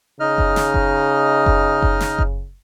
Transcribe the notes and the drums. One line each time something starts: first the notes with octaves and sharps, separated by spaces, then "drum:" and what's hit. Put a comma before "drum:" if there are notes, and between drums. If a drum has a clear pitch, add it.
C#3 D#4 D#5 F6
drum: kick F#1
drum: snare
drum: kick F#1
drum: kick F#1
drum: kick F#1
drum: snare
drum: kick F#1